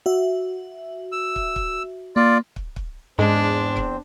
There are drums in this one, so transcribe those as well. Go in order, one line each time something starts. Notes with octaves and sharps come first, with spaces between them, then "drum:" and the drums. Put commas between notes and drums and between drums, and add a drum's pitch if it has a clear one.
F#4 E5
E6
drum: kick
drum: kick
A#3 F4 D5
drum: kick
drum: kick
E2 G#2 G#3 C4 D4 C5
drum: kick